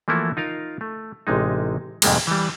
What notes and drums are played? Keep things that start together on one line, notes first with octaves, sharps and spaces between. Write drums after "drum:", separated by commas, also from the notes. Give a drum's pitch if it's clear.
E3 F3 A3 A#3 E4 F#4
D#4 F4 A#4 F5
A3
A1 C3 G#3 D#4
F2 G#2 C3 G3 G#3 A#3, drum: cymbal
E3 G3